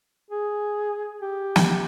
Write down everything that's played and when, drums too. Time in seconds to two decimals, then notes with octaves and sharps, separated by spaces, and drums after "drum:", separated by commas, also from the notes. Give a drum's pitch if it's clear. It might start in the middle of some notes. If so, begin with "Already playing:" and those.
0.30 G#4
1.22 G4
1.56 drum: snare